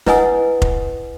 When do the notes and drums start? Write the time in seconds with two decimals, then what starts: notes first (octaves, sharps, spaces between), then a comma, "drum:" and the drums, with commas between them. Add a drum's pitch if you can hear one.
0.06 E4 B4 D#5 F#5 G#5 D#6, drum: snare
0.62 drum: kick F1